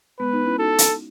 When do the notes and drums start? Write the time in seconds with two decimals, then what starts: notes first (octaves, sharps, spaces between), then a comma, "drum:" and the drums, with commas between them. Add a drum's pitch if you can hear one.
0.19 G#3 B3 B4
0.33 B3 D#4
0.46 C#4 E4
0.59 D#4 F#4 A4
0.78 drum: hi-hat